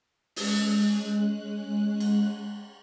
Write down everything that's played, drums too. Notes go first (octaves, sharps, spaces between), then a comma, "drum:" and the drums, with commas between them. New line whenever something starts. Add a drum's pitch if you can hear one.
G#3 C#4 F#6, drum: open hi-hat
drum: cymbal